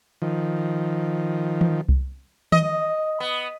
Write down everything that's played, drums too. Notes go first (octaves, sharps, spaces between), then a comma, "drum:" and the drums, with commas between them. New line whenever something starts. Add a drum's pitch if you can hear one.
D#3 F3
drum: tom D#3
drum: kick C2
D#5, drum: tom D#3
B3